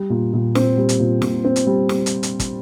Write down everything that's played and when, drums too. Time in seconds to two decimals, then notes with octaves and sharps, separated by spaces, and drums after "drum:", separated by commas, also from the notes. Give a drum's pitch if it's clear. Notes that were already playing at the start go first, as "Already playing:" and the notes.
Already playing: G3
0.10 A#2
0.33 A#2
0.55 C4, drum: snare
0.77 G3
0.89 drum: hi-hat
1.00 A#2
1.22 A#2, drum: snare
1.45 C4
1.56 drum: hi-hat
1.67 G3
1.89 drum: snare
2.06 drum: hi-hat
2.23 drum: hi-hat
2.40 drum: kick, hi-hat